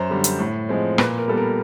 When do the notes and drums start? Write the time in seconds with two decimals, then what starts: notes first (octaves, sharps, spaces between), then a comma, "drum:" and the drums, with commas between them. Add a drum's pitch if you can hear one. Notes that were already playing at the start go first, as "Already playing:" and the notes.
Already playing: F#2 C5
0.10 D3 G3
0.24 drum: hi-hat
0.39 A2
0.69 F3 G#3 C4
0.98 A#2 B4, drum: rim click
1.18 A#4
1.28 G3 B3 A4
1.38 A#4